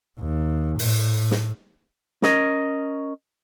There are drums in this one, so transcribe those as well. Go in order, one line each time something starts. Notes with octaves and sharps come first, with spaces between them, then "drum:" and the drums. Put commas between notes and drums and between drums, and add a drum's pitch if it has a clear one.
D#2
A2, drum: open hi-hat
drum: snare
C#4 A#4 D#5, drum: snare